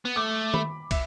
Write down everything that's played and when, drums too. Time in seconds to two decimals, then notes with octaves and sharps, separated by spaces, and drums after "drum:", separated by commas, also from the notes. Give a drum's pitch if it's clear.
0.05 B3
0.16 A3 D6
0.54 B5, drum: tom D#3
0.91 E5, drum: kick, cymbal